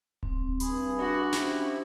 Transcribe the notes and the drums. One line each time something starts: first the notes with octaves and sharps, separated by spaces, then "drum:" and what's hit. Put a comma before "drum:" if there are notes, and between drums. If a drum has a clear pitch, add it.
C4, drum: kick D1
G2 G#4 B5, drum: hi-hat
D4 F#4
F3 C#4 E4 G4, drum: snare